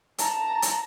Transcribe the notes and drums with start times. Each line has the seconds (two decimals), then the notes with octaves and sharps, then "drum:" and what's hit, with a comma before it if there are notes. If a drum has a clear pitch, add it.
0.18 A5 A#5, drum: hi-hat
0.62 drum: hi-hat